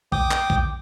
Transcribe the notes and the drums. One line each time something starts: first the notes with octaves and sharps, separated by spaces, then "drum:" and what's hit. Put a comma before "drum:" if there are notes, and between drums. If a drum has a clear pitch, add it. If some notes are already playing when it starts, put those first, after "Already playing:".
G5 D6 D#6, drum: kick B1
drum: clap
drum: kick B1